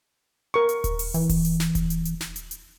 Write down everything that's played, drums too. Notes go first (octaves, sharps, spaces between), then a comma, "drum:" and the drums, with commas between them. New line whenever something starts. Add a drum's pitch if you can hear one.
A#4 C#6
drum: hi-hat
drum: kick D#1, hi-hat
drum: open hi-hat
E3, drum: hi-hat
drum: kick D#1, open hi-hat
drum: hi-hat
drum: snare
drum: kick D#1, hi-hat
drum: hi-hat
drum: hi-hat
drum: snare
drum: hi-hat
drum: hi-hat